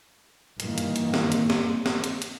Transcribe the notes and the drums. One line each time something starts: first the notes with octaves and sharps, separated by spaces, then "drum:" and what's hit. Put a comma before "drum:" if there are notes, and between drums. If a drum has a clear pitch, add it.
G2 A#2 D#3 E3 A#3, drum: hi-hat
drum: hi-hat
drum: hi-hat
drum: snare
drum: hi-hat
drum: snare
drum: snare
drum: hi-hat
drum: hi-hat